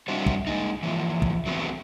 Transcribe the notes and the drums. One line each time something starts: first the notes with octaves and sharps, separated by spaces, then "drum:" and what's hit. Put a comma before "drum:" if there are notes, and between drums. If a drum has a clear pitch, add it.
G3 C4 D4 E4 F#4 C5
drum: kick
G#3 A#3 D#4
E3 F3 A#3
drum: kick
F#3 A3 B3 C4 B4